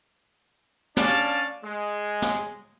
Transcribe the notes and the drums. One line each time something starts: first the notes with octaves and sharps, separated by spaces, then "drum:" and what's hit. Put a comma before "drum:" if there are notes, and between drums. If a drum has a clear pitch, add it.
C#4 D4 D5 F5 A5, drum: snare
G#3
drum: snare